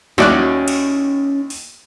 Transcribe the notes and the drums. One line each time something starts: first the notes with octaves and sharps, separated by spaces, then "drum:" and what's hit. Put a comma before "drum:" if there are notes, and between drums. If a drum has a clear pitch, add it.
D#2 C#4 E4 F#4 D5 F#6, drum: snare
drum: cymbal
drum: open hi-hat